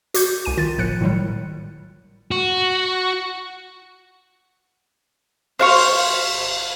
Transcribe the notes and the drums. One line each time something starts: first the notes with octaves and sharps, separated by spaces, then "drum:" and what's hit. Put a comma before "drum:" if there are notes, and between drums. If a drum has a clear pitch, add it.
F#4 D6 G6, drum: hi-hat
C2 G#5 D#7
D#3 F4 A6
G1 A2 F3 F#6 C#7
A2 D#3 F#3 G3
F#4
C5 F5 C#6, drum: cymbal